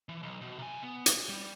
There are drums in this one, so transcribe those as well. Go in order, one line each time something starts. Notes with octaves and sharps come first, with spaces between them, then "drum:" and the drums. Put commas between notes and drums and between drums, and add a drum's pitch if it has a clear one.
E3
B1
B2
C3 G#5
B3
drum: hi-hat
G3